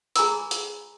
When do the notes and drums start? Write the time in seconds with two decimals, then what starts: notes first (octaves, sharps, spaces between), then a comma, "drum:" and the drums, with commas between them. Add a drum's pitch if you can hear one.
0.16 G#4 G#5 A#5 B5 E6, drum: hi-hat
0.51 drum: hi-hat